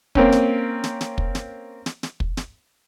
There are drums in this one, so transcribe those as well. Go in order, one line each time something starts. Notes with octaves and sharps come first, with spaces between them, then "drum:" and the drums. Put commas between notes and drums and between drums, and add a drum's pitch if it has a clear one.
A#3 C4 C#4, drum: kick
drum: snare
drum: snare
drum: snare
drum: kick
drum: snare
drum: snare
drum: snare
drum: kick
drum: snare